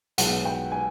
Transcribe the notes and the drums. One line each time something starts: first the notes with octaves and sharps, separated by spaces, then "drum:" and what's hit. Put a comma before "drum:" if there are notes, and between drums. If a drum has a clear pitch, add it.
B1 B2 G#3 F#5, drum: hi-hat
G5
G#5